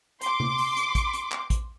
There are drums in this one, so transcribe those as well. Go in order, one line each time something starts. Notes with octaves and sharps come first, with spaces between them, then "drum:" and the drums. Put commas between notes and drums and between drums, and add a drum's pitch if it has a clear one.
C6 D6, drum: hi-hat
drum: tom C3
drum: open hi-hat
drum: hi-hat
drum: kick, hi-hat
drum: hi-hat
drum: clap
drum: kick, hi-hat